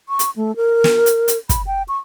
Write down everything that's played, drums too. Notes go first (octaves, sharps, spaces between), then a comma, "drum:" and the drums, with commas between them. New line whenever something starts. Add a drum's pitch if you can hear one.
C#6
drum: hi-hat
A3
A#4
drum: snare
drum: hi-hat
drum: hi-hat
B5, drum: kick, hi-hat
G5
C#6